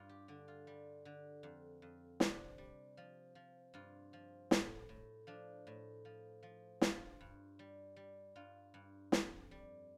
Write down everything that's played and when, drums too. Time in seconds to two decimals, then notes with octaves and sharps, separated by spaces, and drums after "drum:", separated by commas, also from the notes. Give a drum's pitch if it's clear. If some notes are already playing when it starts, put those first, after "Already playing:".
Already playing: G2 F4
0.09 G4
0.28 D3 D4
0.48 F4
0.67 G3
1.05 D3
1.43 F2
1.82 F2
2.20 C3 D4, drum: snare
2.58 G3
2.97 F3
3.35 F3
3.74 G2 F4
4.13 F3
4.51 A2, drum: snare
4.89 A2
5.27 F3 D4
5.67 A2
6.05 F3
6.43 F3
6.81 G2 F4, drum: snare
7.21 G2
7.59 G3
7.96 G3
8.36 G2 F4
8.74 G2
9.12 F2, drum: snare
9.51 G3